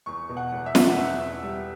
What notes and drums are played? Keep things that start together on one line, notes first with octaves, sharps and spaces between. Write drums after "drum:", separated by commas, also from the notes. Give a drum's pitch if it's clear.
E2 C#6
B2
F#5
E2
E5
E2, drum: snare
F#5
E2 E5
E2
G3